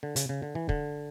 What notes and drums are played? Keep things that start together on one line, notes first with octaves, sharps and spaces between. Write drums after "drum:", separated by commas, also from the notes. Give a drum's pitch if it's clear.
D3
C#3, drum: hi-hat
C#3
D3
E3
D3, drum: kick